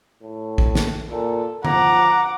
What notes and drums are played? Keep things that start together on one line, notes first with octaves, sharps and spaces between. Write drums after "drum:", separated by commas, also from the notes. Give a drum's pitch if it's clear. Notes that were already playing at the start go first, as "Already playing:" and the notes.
A2
drum: kick A#1
drum: snare
A#2 A4
F3 F#5 A#5 D6, drum: tom D3